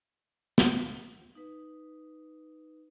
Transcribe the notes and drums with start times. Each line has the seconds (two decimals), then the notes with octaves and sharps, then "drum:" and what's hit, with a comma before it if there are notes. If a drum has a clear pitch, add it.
0.58 drum: snare
1.35 D#4 B4